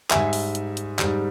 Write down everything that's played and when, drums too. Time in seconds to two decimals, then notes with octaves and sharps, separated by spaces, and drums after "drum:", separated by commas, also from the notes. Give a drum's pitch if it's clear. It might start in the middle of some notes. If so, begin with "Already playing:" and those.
0.11 G#2 G3 E5 G#5, drum: clap
0.33 drum: open hi-hat
0.55 drum: hi-hat
0.77 drum: hi-hat
0.99 G#2 G3, drum: clap